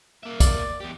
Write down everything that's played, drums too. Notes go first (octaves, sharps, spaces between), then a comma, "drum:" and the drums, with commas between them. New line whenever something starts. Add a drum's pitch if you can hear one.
A#3 E5
D5, drum: kick, hi-hat
E2 G4